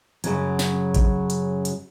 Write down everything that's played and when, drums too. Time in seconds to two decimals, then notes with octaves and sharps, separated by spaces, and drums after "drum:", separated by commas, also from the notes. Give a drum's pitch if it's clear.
0.24 F#2 C#3 F#3, drum: hi-hat
0.59 drum: snare
0.94 drum: kick A1, hi-hat
1.30 drum: hi-hat
1.65 drum: hi-hat